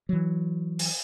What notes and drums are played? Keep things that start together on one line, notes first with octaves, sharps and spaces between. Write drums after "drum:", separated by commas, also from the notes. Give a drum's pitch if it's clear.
E3 F#3
drum: open hi-hat